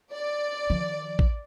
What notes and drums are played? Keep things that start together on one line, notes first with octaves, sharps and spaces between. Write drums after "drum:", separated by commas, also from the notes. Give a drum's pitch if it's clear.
D5
D#3 F3
drum: kick